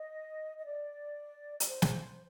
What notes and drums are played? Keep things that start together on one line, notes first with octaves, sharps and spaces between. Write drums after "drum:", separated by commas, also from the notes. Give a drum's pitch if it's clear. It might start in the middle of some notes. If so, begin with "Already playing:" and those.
Already playing: D#5
D#5
D5
D5, drum: hi-hat
C5
drum: snare